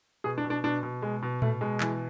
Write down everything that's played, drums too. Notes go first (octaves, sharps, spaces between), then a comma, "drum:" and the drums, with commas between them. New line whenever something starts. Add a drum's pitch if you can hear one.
B2 G#4
D4
B2
D4
B2 D4
B2
B2 G#3
B2
B2 A3, drum: tom A2
B2 G#3
E3, drum: clap